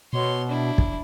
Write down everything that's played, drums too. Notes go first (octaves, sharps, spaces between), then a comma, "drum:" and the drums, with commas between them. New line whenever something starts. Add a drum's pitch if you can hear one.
B2 C#5 C6
D4 E4
drum: kick